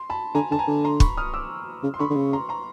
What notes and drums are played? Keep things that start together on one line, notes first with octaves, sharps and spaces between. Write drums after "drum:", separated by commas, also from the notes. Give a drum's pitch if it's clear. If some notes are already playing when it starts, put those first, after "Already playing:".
Already playing: C6
A5 B5
D3 G#5 A#5
D3 A5
G#5 A#5
D3
A#5 C6
B5 C#6, drum: kick
D#6 F6
D6 E6
C#3
C6
D3 B5 C#6
D3
C#3
A#5 C6
A#5 C6